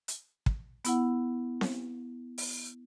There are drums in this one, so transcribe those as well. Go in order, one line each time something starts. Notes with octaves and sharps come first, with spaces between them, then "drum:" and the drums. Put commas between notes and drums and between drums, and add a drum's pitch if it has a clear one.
drum: hi-hat
drum: kick
B3 E4 F#5, drum: hi-hat
drum: snare C4
drum: open hi-hat